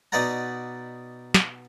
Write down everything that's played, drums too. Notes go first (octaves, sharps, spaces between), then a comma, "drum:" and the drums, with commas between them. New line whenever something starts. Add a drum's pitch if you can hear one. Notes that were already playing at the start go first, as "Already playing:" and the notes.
B2 D#4 B4 D5 F#5 A#5
drum: snare